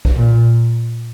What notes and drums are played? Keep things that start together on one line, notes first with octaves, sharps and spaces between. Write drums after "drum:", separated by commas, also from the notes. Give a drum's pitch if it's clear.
drum: kick B1
A#2